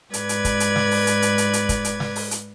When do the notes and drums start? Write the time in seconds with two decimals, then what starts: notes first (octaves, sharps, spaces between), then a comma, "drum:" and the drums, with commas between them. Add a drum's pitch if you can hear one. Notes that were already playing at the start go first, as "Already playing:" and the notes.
0.14 G#2 B4 D5 G#6, drum: hi-hat
0.29 drum: hi-hat
0.45 drum: kick, hi-hat
0.60 drum: hi-hat
0.76 drum: snare
0.91 drum: open hi-hat
1.07 drum: hi-hat
1.22 drum: hi-hat
1.38 drum: hi-hat
1.53 drum: hi-hat
1.69 drum: kick, hi-hat
1.84 drum: hi-hat
2.00 drum: snare
2.16 drum: open hi-hat
2.31 drum: hi-hat